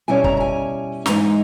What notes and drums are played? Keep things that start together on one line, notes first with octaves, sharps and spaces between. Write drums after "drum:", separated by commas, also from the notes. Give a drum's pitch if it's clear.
B2 G3 C#4 E4 G#5
A#5, drum: kick
A#5
G#5
G#2 E3 G#3 D#4 A#5, drum: snare